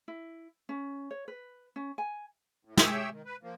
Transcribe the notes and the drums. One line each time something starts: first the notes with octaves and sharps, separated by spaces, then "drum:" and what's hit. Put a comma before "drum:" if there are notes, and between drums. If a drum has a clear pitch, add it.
E4
C#4
C#5
B4
C#4
G#5
A2
G4 G#4 C#5 E5 G5 E6, drum: snare
D#3
B4
F3 A#3